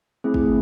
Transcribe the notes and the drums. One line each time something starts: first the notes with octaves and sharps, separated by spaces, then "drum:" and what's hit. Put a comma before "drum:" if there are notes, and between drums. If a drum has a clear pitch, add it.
A3 C4 E4 G#4
drum: kick